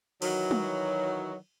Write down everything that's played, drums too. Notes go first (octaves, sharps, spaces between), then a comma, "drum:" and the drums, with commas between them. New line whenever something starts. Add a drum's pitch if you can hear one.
D#3 E3 F#3, drum: cymbal
drum: tom